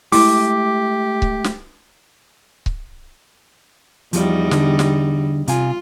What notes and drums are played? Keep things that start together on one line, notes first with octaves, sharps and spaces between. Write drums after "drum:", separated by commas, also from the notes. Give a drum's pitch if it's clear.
G#3 A3 E4 G4 D6, drum: open hi-hat
drum: kick C#1
drum: snare
drum: kick C#1
E2 F3 G3 D#4 F4, drum: hi-hat
D3, drum: snare
drum: snare
C3 F4 F5 G#5, drum: hi-hat